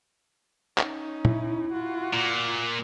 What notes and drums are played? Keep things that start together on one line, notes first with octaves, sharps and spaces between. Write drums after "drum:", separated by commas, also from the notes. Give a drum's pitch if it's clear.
C#4 D#4, drum: clap
E4, drum: tom
F4 F#4
A#2 F#6